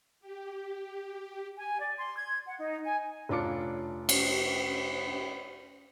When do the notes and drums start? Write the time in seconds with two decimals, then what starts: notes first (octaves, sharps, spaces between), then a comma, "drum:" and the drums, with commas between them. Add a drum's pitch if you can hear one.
0.21 G4
1.57 G#5
1.79 D5
1.98 C6
2.16 G#6
2.46 F#5
2.58 D#4
2.85 G#5
3.29 F1 C#4 D4 F4 D6 C#7
4.09 drum: cymbal